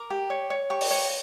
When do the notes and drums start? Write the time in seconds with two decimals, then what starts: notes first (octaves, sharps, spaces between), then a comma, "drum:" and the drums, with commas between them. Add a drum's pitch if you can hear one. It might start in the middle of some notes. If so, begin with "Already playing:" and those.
Already playing: A#4 D6
0.10 G4
0.30 C#5
0.50 C#5
0.70 G4 C#6
0.81 drum: open hi-hat
0.91 C#5